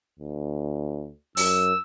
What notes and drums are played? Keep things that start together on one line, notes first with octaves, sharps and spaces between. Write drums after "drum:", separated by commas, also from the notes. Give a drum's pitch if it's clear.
D2
F#2 E6, drum: open hi-hat